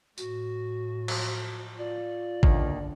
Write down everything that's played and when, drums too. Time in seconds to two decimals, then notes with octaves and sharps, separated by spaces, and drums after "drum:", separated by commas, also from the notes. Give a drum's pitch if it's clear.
0.18 A2 F#4, drum: tambourine
1.08 F3 F#3, drum: cymbal
1.78 F4 D5
2.43 F#1 D#2 D3 D#3 A#3, drum: kick A1